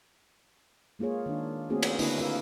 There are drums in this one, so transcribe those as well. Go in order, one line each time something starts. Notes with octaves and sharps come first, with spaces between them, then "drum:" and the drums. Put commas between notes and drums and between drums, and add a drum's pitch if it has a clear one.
G#3 A#3 F4 G#4 C#5
D#3 D4
A3 A#3 C4 C#4 F#4 G#4
drum: cymbal
D3 A#3 D4 E4 B4 D#5, drum: open hi-hat
F4 A#4 B4 E5